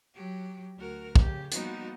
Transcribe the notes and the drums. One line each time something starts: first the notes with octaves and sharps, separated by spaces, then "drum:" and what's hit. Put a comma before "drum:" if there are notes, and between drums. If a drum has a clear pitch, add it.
F#3 G4
D2 F#4 A#4 F6
C#3 G4, drum: kick
F3 G3 A#3 B3 D#4 F#4, drum: hi-hat